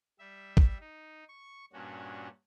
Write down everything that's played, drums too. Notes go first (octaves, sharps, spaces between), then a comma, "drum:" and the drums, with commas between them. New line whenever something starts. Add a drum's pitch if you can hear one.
G3 E5
drum: kick
D#4
C#6
G2 A#2 C#4 D4 F#4